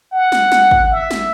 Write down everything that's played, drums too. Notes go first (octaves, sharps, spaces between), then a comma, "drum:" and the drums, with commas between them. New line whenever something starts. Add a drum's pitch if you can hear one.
F#5
drum: snare
drum: snare
drum: kick
E5
drum: snare